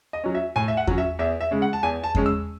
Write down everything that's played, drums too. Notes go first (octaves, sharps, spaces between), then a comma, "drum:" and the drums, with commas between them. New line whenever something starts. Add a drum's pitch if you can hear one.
D#5
F#3 C#4
E5
A2 G#5
E5
F#5
F#3 C#4, drum: kick E2
E5
E2 E5
E5
C#3 G#3 C#4
F#5
A5
E2 G#5
A5
C#3 G#3 C#4, drum: kick E2
E6